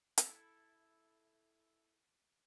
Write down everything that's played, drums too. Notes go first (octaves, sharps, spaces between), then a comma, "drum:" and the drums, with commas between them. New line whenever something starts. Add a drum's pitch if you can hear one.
E4 A4, drum: hi-hat